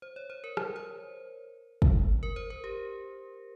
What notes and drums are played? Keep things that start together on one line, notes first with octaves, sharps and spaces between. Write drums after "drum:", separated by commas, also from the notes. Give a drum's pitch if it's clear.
C5
C#5
C5
A#4
C5, drum: rim click
C5
drum: kick
A#4
C5
A#4
G4